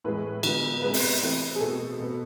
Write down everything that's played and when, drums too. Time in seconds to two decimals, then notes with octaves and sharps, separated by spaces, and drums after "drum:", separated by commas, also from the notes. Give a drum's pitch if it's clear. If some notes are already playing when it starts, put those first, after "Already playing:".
0.04 A2 E3 G#3 B4
0.43 D3 G#3 B3, drum: cymbal
0.82 C3 G#3 B3 B4
0.94 drum: open hi-hat
1.21 E3 A3 C4
1.55 G#4
1.59 B2 A3 C4 A4
1.99 B2 B3